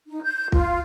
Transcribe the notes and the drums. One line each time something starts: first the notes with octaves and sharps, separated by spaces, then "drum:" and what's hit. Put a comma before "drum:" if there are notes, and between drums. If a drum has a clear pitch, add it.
D#4
G6
F4, drum: kick